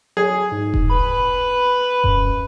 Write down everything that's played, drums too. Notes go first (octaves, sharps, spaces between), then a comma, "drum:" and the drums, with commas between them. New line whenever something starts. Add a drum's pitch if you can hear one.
F#3 G#4
G#2
drum: kick E1
B4 B5
F#2, drum: kick E1